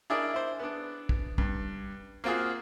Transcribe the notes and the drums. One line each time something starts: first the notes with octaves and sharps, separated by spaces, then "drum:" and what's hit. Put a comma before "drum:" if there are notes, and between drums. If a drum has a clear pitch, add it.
D4 E4 G#4 A#4 D5 D#5
E4 C5
B3 D4
drum: kick
G2, drum: kick
A#3 C4 F4 F#4 G#4